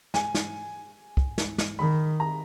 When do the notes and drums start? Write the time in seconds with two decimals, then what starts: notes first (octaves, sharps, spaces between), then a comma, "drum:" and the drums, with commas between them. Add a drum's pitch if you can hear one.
0.14 G#5, drum: snare
0.35 drum: snare
1.17 drum: kick
1.38 drum: snare
1.58 drum: snare
1.79 D#3 B5
2.20 A#5